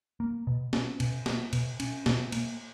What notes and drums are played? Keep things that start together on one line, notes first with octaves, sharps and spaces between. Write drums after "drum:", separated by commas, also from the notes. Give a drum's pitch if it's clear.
A#3
B2
C#4, drum: snare
B2, drum: cymbal
A#3, drum: snare
B2, drum: cymbal
C#4, drum: cymbal
B2, drum: snare
A#3, drum: cymbal